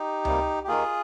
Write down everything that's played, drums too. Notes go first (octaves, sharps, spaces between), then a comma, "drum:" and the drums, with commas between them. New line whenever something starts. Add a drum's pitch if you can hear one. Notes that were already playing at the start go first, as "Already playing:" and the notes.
Already playing: D#4 G4
C3 G3 A#3, drum: tom C#2
G4
D#2 D#3 A#3 F4 G#4